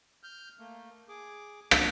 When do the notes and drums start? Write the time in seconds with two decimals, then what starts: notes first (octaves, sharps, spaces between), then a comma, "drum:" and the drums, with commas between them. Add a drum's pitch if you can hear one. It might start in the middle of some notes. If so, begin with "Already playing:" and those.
0.23 F6 G6
0.59 A3 A#3
1.09 G#4 D6
1.71 F2 G#3 D#5 A5 F#6, drum: rim click